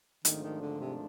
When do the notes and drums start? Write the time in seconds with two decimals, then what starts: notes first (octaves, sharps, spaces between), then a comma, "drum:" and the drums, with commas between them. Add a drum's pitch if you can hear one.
0.25 G#1 G#2 D#3 F3 A3 D4, drum: hi-hat
0.43 D#3
0.62 D3
0.81 C3